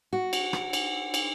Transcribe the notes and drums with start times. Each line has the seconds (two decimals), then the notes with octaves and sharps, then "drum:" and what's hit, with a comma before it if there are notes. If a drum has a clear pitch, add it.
0.13 F#4
0.33 drum: cymbal
0.53 drum: rim click
0.73 drum: cymbal
1.14 drum: cymbal